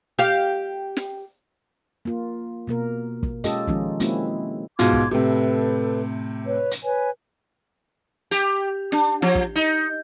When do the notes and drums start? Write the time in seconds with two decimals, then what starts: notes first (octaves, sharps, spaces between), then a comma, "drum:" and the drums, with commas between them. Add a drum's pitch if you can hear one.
0.19 G4 F5
0.97 drum: snare
2.05 A#3 F4
2.67 B2 A#3 A#4
3.23 drum: kick
3.44 G#3 C#4 F4 G4 A4 D#5, drum: hi-hat
3.67 D#3 F3 G#3 C#4 D#4 F4, drum: kick
4.00 G#3 A#3 C4 C#4 E4 F#4, drum: hi-hat
4.79 G#2 B2 F4 C6 D6 G#6, drum: hi-hat
4.93 drum: kick
5.11 A2 C3 A4 B4
6.45 B4 C#5
6.71 drum: hi-hat
6.83 B4 C#5 G#5
8.31 G4, drum: hi-hat
8.92 D4, drum: snare
9.22 F3, drum: snare
9.35 drum: kick
9.56 D#4